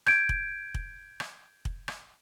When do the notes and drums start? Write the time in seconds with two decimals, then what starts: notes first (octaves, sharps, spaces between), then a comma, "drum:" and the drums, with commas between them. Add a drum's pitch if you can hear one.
0.06 G6 G#6 D7, drum: rim click
0.29 drum: kick
0.74 drum: kick
1.20 drum: rim click
1.65 drum: kick
1.88 drum: rim click